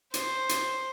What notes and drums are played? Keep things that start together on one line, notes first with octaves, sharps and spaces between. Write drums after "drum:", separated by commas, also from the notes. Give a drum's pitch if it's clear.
C5, drum: hi-hat
drum: hi-hat